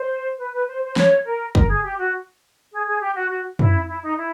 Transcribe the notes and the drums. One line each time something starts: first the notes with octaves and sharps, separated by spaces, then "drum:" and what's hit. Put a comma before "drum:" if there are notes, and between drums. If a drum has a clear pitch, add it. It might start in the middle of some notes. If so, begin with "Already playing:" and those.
Already playing: C5
B4
B4
C5
C5
C#5, drum: snare
A#4
A#4, drum: kick
G#4
G4
F#4
G#4
G#4
G4
F#4
F#4
E4, drum: tom
E4
D#4
E4